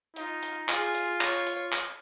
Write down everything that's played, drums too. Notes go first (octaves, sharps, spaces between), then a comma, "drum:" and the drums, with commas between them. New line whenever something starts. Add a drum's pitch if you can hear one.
D#4 F4, drum: hi-hat
drum: hi-hat
F4 G#4, drum: clap
drum: hi-hat
C#5, drum: clap
drum: hi-hat
drum: clap